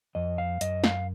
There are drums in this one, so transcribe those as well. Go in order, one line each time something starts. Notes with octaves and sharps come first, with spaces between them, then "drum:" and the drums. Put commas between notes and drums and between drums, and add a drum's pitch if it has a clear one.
F2 D#5
F5
F#2 D#5, drum: hi-hat
F5, drum: snare